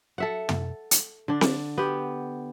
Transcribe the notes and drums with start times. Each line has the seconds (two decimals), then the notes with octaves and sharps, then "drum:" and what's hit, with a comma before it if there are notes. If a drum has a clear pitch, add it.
0.18 A4 E5 F#5
0.49 drum: tom
0.91 drum: hi-hat
1.28 D3 D4
1.41 drum: snare C4
1.78 B3 G4